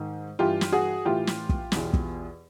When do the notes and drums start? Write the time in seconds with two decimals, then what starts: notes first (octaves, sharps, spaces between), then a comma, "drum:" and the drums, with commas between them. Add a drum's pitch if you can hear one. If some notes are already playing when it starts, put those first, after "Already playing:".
Already playing: G#2 D#3
0.39 G2 E3 F4 G4
0.61 drum: snare
0.72 F#4 G#4
1.05 A2 E3 F4 G4
1.27 drum: snare
1.49 drum: kick
1.72 E2 B2, drum: snare
1.93 drum: kick